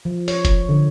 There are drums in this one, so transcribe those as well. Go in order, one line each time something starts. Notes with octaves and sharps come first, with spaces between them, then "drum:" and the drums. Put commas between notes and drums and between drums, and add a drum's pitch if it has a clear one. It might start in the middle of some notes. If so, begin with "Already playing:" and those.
F3
C#5, drum: open hi-hat
drum: kick F1, hi-hat
D3